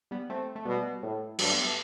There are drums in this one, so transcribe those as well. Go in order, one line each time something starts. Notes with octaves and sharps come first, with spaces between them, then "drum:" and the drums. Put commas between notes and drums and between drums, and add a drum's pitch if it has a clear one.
G3 B3
A3 C4
A3
B2 G3 B3
A2
G2 F#3 A3, drum: cymbal
B3
A3